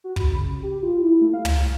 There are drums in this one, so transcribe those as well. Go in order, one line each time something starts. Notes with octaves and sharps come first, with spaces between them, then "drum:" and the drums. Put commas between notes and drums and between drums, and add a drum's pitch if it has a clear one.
F#4
B5, drum: kick
C#3
G4
F4
E4
A3
F5
drum: tom